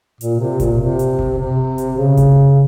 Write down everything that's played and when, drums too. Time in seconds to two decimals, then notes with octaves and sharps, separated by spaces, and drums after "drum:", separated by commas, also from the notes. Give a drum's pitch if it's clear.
0.21 A#2, drum: hi-hat
0.40 C3
0.60 A#2, drum: kick F#1, hi-hat
0.80 C3
0.99 drum: hi-hat
1.19 drum: kick F#1
1.38 C3
1.78 drum: hi-hat
1.97 C#3
2.17 drum: kick F#1, hi-hat